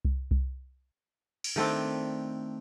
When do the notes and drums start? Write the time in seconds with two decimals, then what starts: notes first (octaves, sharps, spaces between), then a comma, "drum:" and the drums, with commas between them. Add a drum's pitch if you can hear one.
0.05 drum: kick C2
0.31 drum: kick C2
1.44 drum: cymbal
1.56 D#3 A3 C4 D4